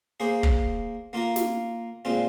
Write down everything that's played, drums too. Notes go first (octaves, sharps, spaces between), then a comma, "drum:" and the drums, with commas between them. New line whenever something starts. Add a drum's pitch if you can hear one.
A#3 G#4 C5
drum: kick
A#3 F4 A#4
drum: snare
A#2 G#3 C4 F4